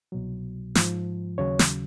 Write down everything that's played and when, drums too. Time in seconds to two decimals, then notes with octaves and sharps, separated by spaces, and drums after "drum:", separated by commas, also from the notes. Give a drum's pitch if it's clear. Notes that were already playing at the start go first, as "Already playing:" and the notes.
0.12 C2 B2 F#3
0.75 G#2 F3, drum: snare
1.38 D#2 C#3 F#3 C#5
1.59 drum: snare